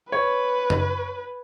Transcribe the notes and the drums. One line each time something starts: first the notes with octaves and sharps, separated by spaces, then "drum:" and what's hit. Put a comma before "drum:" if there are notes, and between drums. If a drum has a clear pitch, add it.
B4 C#5
drum: tom F#2